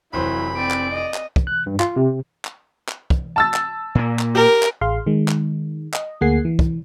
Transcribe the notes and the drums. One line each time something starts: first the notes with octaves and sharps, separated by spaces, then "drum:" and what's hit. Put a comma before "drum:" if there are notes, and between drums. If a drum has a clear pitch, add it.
F1 E3 F#3 E4 C5 B5
C4 D5 D7
drum: clap
D#5
drum: clap
drum: kick
F#6
G2
F4, drum: clap
C3
drum: clap
drum: clap
drum: kick
A5 E6 A6
drum: clap
A#2 A#3
drum: clap
G4 A#4
drum: clap
A1 G#4 F5 C6
D#3 G#3
drum: clap
D#5, drum: clap
D2 A#3 G#4 F#5 G#5 C7
E3
drum: kick